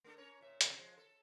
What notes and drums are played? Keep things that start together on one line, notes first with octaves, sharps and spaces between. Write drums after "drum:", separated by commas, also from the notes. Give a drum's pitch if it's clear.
A3 D4 A4
C#4 A#4 C#5
A#2 E5
C3 F3 F#3, drum: hi-hat
F3 G#3
A4